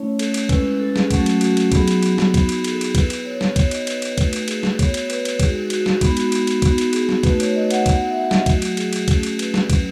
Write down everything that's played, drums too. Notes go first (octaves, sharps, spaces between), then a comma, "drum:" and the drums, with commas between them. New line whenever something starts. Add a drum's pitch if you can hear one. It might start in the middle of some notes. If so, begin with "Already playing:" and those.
Already playing: A3 C#4 E4 C#5
A4, drum: cymbal
drum: cymbal
G#3 C#4 E4 B4, drum: kick, cymbal
A4
G#4, drum: snare
F#3 A3 C#4 F#4 A4, drum: kick, cymbal
drum: cymbal
F#4, drum: cymbal
drum: cymbal
F#3 B3 D#4 F#4 G#4, drum: kick, cymbal
drum: cymbal
F#4, drum: cymbal
drum: snare
B3 D#4 F#4, drum: kick, cymbal
drum: cymbal
G#4, drum: cymbal
A4
G#4, drum: cymbal
B3 E4 B4, drum: kick, cymbal
drum: cymbal
C#5
drum: snare
B3 D#4 F#4 C#5, drum: kick, cymbal
D#5, drum: cymbal
B4, drum: cymbal
drum: cymbal
B4
A3 D#4 F#4 A4, drum: kick, cymbal
drum: cymbal
G#4, drum: cymbal
A4, drum: snare
B3 F#4 C#5, drum: kick, cymbal
drum: cymbal
B4, drum: cymbal
B4, drum: cymbal
G#3 D#4 F#4 G#4, drum: kick, cymbal
F#4, drum: cymbal
drum: snare
G#3 B3 D#4, drum: kick, cymbal
F#4, drum: cymbal
drum: cymbal
drum: cymbal
B3 D#4 F#4, drum: kick, cymbal
drum: cymbal
G#4, drum: cymbal
drum: snare
A3 D#4 F#4 B4, drum: kick, cymbal
C#5, drum: cymbal
D#5
F#5, drum: cymbal
B3 D#4 F#4, drum: kick, cymbal
E5
F#5
D#5, drum: snare
F#3 A3 E4 F#4, drum: kick, cymbal
drum: cymbal
G#4, drum: cymbal
drum: cymbal
A3 C#4 F#4, drum: kick, cymbal
drum: cymbal
B4, drum: cymbal
drum: snare
F#3 C#4 E4, drum: kick, cymbal